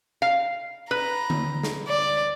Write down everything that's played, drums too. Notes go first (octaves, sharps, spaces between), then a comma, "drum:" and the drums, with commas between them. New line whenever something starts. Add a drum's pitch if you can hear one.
F5
B4 A#5
drum: tom D3
drum: snare
D5